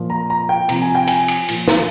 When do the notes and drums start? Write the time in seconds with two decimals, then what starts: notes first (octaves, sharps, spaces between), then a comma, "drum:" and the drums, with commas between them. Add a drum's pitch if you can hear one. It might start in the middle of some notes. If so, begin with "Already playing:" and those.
Already playing: A#2 F3
0.10 A#5
0.30 A#5
0.49 G5
0.69 C3 F3 A#5, drum: cymbal
0.82 G#5
0.95 G5
1.07 G#5, drum: cymbal
1.28 drum: cymbal
1.49 A#2 F3, drum: cymbal
1.68 drum: snare